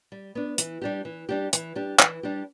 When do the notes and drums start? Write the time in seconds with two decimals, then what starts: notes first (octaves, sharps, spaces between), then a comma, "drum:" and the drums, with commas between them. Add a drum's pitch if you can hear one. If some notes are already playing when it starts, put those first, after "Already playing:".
0.12 G3
0.35 B3 D4
0.58 E3, drum: hi-hat
0.81 G3 D4 G4
1.05 E3
1.29 G3 D4 G4
1.53 E3, drum: hi-hat
1.75 G3 D4 G4
1.99 E3, drum: clap
2.23 G3 D4 G4